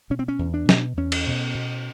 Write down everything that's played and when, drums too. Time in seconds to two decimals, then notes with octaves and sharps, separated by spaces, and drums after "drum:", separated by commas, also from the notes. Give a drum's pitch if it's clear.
0.10 B2 C#4
0.19 C4
0.28 C#4
0.39 E2
0.54 D4
0.69 B2, drum: snare
0.97 E2 C#4
1.12 drum: cymbal
1.27 B2
1.55 B2